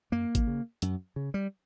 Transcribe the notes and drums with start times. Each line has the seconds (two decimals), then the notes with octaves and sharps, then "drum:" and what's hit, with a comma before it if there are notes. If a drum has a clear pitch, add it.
0.12 F#2 A#3
0.35 drum: kick G#1, hi-hat
0.47 C#3
0.82 F#2, drum: hi-hat
1.16 C#3
1.34 G3